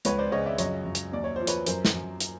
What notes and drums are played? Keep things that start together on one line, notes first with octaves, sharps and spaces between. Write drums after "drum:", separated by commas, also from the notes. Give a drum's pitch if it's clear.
C#2 B4 C#5, drum: hi-hat
C5 D5
C#3 C#5 D#5
D5 E5
F#2 C#5 D#5, drum: hi-hat
F#2
drum: hi-hat
D#2 D5
C#5
F3 C5
B4 C#5, drum: hi-hat
F#2 A#4 C5, drum: hi-hat
drum: snare
F#2
drum: hi-hat